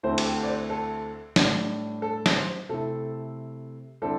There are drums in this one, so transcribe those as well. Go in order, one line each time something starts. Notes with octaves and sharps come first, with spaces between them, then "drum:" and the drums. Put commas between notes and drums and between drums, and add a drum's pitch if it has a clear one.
D2 D3 A3 C4 E4 C5
G4, drum: cymbal
A4
D5
C5
A4
A2 G3 D4, drum: snare
A4
drum: snare
C5
C3 A3 E4 A4
D3 G3 C4 E4 A4